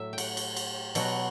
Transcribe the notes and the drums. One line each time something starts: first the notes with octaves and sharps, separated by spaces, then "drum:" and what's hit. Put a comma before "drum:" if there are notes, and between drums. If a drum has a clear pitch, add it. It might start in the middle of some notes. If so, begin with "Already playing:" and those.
Already playing: A2 F#3 E5
G5
F#5, drum: cymbal
drum: cymbal
drum: cymbal
B2 F#3 F#5, drum: cymbal